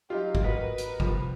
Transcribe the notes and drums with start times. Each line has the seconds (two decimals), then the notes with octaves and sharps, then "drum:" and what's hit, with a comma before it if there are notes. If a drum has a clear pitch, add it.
0.10 F#3 D#4 F4 G4
0.35 drum: kick
0.44 G#2 F#4 A#4 B4 D#5 A#5 B6
0.78 drum: hi-hat
1.00 C3 F3 G3 B3, drum: kick